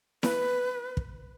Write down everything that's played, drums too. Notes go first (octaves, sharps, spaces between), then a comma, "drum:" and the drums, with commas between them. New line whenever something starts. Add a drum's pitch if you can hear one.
B4, drum: snare E4
drum: kick